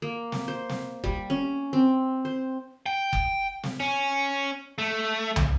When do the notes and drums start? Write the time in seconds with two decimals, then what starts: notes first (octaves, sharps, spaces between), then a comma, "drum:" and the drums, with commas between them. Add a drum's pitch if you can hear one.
0.02 A#3
0.32 drum: snare
0.48 C5
0.69 drum: snare
1.04 G3, drum: kick F#1
1.30 C#4
1.73 C4
2.25 C5
2.86 G5
3.13 drum: kick F#1
3.63 drum: snare
3.80 C#4
4.78 A3
5.36 drum: tom